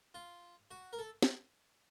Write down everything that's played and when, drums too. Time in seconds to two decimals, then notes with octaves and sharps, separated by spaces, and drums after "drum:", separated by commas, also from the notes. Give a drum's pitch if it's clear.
0.14 F4
0.71 F#4
0.93 A#4
0.99 A4
1.23 drum: snare